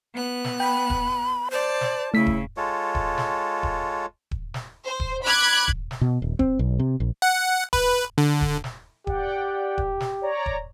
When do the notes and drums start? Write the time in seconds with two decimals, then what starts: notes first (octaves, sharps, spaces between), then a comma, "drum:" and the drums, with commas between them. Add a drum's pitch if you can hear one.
0.13 B3 F#6
0.44 drum: snare
0.60 G5 B5
0.90 drum: kick D#1
1.51 C5 D5 A5
1.81 drum: snare
2.14 C#3 A3 E4 B6
2.26 drum: kick D#1
2.57 G#3 F4 A4 C#5
2.95 drum: kick D#1
3.18 drum: snare
3.63 drum: kick D#1
4.31 drum: kick D#1
4.54 drum: snare
4.86 C5
5.00 drum: kick D#1
5.25 B5 D6 F#6 G#6
5.68 drum: kick D#1
5.91 drum: snare
6.01 B2
6.22 D#1
6.39 C4, drum: kick D#1
6.59 B1
6.79 C3
7.00 A#1
7.22 F#5
7.73 B4, drum: kick D#1
8.18 D3
8.41 drum: kick D#1
8.64 drum: snare
9.07 G4 D5 F#5 G5, drum: kick D#1
9.78 drum: kick D#1
10.00 drum: snare
10.22 C#5 D5 A#5
10.46 drum: kick D#1